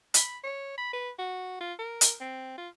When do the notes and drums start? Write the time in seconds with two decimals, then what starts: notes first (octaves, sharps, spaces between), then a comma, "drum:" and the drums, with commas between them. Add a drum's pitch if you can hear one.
0.14 B5, drum: hi-hat
0.44 C#5
0.78 B5
0.93 B4
1.19 F#4
1.61 F4
1.79 A#4
2.01 drum: hi-hat
2.20 C4
2.58 F4